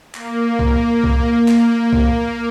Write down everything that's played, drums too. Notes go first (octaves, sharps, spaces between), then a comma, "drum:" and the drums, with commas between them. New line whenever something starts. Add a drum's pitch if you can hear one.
A#3, drum: clap
A#3
drum: kick C2
A#3
drum: kick C2
drum: clap
drum: kick C2